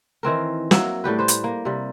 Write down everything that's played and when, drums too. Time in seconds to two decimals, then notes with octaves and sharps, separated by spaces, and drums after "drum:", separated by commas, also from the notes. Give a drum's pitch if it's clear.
0.23 D#3 E3 C4 A#4
0.71 F#3 A#3 E5, drum: snare
1.04 A2 G3 G4 B4
1.19 G4 B4 C5
1.28 drum: hi-hat
1.44 A#3
1.65 C3 G3